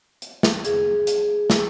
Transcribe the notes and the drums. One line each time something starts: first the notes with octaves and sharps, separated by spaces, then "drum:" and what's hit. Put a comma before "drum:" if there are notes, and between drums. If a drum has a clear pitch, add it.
drum: hi-hat
drum: snare
G#4, drum: hi-hat
drum: hi-hat
drum: snare